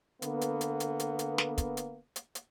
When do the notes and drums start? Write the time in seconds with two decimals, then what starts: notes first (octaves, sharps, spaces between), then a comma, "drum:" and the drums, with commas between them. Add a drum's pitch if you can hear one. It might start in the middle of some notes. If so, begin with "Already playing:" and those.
0.22 D3 A#3 B3, drum: hi-hat
0.41 drum: hi-hat
0.61 drum: hi-hat
0.80 drum: hi-hat
1.00 drum: hi-hat
1.19 drum: hi-hat
1.38 drum: snare
1.58 drum: kick, hi-hat
1.77 drum: hi-hat
2.16 drum: hi-hat
2.35 drum: hi-hat